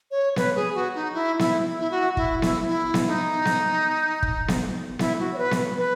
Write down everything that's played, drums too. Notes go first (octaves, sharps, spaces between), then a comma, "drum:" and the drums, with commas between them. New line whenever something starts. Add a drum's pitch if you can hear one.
C#5
B4, drum: snare B3
G#4
F#4
D#4
E4
E4, drum: snare B3
E4
F#4
E4, drum: kick
E4, drum: snare B3
E4
drum: snare B3
D#4
drum: snare B3
drum: kick
drum: snare B3
E4, drum: snare B3
F#4
C#5
B4
drum: snare B3
B4